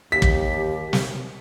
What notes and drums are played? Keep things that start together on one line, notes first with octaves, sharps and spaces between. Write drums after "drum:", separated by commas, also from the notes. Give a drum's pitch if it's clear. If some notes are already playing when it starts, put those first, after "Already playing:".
D#2 G4 B6
drum: kick
drum: snare